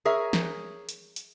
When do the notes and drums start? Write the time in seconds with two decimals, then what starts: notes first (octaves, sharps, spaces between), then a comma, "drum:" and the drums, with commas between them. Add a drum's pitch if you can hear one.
0.05 G#4 A#4 C#5 E5
0.33 drum: snare
0.89 drum: hi-hat
1.16 drum: hi-hat